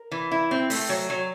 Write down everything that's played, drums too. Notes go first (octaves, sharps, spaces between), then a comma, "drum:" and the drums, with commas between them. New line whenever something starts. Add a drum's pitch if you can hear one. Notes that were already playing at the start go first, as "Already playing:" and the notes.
Already playing: A#4
E3
E4
C4
A3, drum: open hi-hat
F#3
F#3